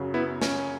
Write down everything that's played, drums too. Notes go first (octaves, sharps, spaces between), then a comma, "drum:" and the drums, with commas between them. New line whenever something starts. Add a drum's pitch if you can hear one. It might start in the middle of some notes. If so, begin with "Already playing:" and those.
Already playing: F#2 C#3 F#3
B3 E4
C#4, drum: snare